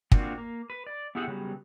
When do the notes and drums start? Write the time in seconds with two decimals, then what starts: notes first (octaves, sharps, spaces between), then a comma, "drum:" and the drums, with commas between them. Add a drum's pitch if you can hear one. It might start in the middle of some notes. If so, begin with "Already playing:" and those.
0.12 A#3 C4 D4 F4 F#4, drum: kick
0.38 A#3
0.70 B4
0.87 D5
1.15 B3 E4 G4 G#4 F#5
1.27 C#3 F#3 G3 B3